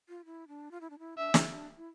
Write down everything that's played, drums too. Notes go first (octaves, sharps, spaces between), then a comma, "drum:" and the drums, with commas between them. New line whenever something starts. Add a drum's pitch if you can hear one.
F4
E4
D4
F4
E4
D4
E4
D4 E5
E4, drum: snare
D4
E4